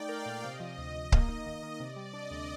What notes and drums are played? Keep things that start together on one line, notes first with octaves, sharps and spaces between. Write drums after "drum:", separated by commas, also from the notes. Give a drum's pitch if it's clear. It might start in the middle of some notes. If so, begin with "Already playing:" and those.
Already playing: A3 D#4 D5 G5
A#4 F5
A#2
C3 D#5
F3
D2
D2
A#3, drum: kick C#1
D#4
D#3
D#3
C3 D5
G3
D4 D#5
D2